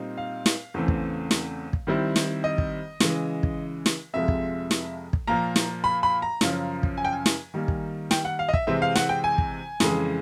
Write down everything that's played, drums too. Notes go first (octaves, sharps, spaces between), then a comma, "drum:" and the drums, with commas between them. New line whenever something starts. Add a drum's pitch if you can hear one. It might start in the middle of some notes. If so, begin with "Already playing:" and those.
Already playing: A#2 G3 C4 D#4
F5
drum: snare
E2 C#3 E3 A3 C4
drum: kick
drum: snare
drum: kick
D#3 G3 C4 E4
drum: snare
D#5
drum: kick
C#3 E3 G#3, drum: snare
drum: kick
drum: snare
F2 C3 F3 G#3 E5
drum: kick
drum: snare
drum: kick
A#2 F3 A#3 A#5
drum: snare
B5
B5
A#5
F#2 C#3 F3, drum: snare
drum: kick
G#5
G5
G#5
drum: snare
D#3 G3 A#3
drum: kick
G5, drum: snare
F#5
F5
D#5
E5, drum: kick
C3 E3 G#3 C4 E5
F5
F#5, drum: snare
G5
G#5
drum: kick
F2 C#3 E3 G#3, drum: snare